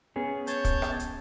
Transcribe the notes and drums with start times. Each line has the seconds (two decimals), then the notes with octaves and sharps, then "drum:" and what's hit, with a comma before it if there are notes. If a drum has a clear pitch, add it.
0.16 B3 C#4 G#4
0.47 C#5 A5 G6, drum: hi-hat
0.65 drum: kick, hi-hat
0.82 drum: rim click
0.99 drum: hi-hat